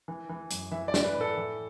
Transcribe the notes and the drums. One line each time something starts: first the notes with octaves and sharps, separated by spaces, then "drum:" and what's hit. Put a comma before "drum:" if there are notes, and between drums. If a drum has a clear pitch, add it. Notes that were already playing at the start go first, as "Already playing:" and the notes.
E3
E3
F#2, drum: hi-hat
E3 E5
D5
E3, drum: snare
B4
A2 B4
A4
E3